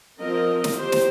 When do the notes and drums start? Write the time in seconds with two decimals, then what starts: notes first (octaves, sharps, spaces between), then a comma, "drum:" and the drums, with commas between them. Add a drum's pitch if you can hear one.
0.21 F3 C4 A#4 D#5
0.64 drum: snare
0.78 G4 C5
0.92 drum: snare